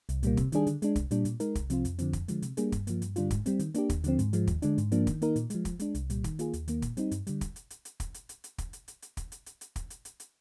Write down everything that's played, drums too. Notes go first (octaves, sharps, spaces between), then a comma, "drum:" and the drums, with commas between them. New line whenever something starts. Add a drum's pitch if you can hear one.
C2, drum: hi-hat
A#2 G3 A#3, drum: hi-hat
C3, drum: kick, hi-hat
D#3 G3 D4 G#4, drum: hi-hat
D3, drum: hi-hat
G#3 D4, drum: hi-hat
C2, drum: kick, hi-hat
A#2 G3 D4, drum: hi-hat
A#2, drum: hi-hat
G#3 D#4 A#4, drum: hi-hat
C2, drum: kick, hi-hat
C3 F3 C4 F4, drum: hi-hat
F2, drum: hi-hat
D3 F3 C4, drum: hi-hat
F2, drum: kick, hi-hat
D3 F3 G#3, drum: hi-hat
C3, drum: hi-hat
G3 A#3 D4 G#4, drum: hi-hat
G2, drum: kick, hi-hat
F3 A#3, drum: hi-hat
G2, drum: hi-hat
D3 G3 D4 F4, drum: hi-hat
G#2, drum: kick, hi-hat
G3 C4, drum: hi-hat
D#3, drum: hi-hat
A#3 D4 G4, drum: hi-hat
D#2, drum: kick, hi-hat
D3 F3 C4, drum: hi-hat
G#2, drum: hi-hat
F3 G#3, drum: hi-hat
D#2, drum: kick, hi-hat
D3 G#3 D4, drum: hi-hat
G#2, drum: hi-hat
F3 A#3 D4, drum: hi-hat
D#3, drum: kick, hi-hat
A#3 D#4 A#4, drum: hi-hat
A#2, drum: hi-hat
F3 G#3, drum: hi-hat
F3, drum: kick, hi-hat
G#3 D4, drum: hi-hat
C2, drum: hi-hat
A#2 G3, drum: hi-hat
D#3, drum: kick, hi-hat
A#3 F4 G#4, drum: hi-hat
D#2, drum: hi-hat
D#3 A#3, drum: hi-hat
A#2, drum: kick, hi-hat
G3 C4 D#4, drum: hi-hat
G2, drum: hi-hat
D3 G3, drum: hi-hat
drum: kick, hi-hat
drum: hi-hat
drum: hi-hat
drum: hi-hat
drum: kick, hi-hat
drum: hi-hat
drum: hi-hat
drum: hi-hat
drum: kick, hi-hat
drum: hi-hat
drum: hi-hat
drum: hi-hat
drum: kick, hi-hat
drum: hi-hat
drum: hi-hat
drum: hi-hat
drum: kick, hi-hat
drum: hi-hat
drum: hi-hat
drum: hi-hat